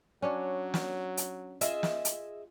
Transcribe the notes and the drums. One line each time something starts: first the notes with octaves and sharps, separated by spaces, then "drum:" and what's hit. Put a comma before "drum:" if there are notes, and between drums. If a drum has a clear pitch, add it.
F#3 C#4 D4 C#5
drum: snare
drum: hi-hat
F4 G#4 D#5 E5, drum: hi-hat
drum: snare
drum: hi-hat